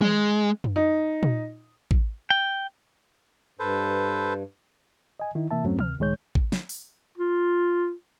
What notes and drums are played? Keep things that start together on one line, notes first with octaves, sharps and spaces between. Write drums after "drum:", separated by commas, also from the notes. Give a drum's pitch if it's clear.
G#3, drum: tom
drum: tom F#2
D#4
drum: tom A#2
drum: kick
G5
G2 A4 B4 C5
D#5 G#5
D#3 D#4 E4
C3 E3 A#3 E5 A5
E2 G2 F#3 A3 C4 C#4
D2 C3 F6, drum: tom
C#2 A2 D#3 G#3 C#5 G6
drum: kick
drum: snare
drum: open hi-hat
F4